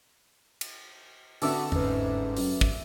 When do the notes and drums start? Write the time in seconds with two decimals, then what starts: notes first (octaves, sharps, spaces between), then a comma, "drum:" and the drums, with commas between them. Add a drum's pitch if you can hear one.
0.61 drum: cymbal
1.42 D3 B3 C4 F#4 A4 D5 E5, drum: open hi-hat
1.72 G1 G#2 C#4 B4, drum: tom E2
2.37 F#2, drum: open hi-hat
2.61 drum: kick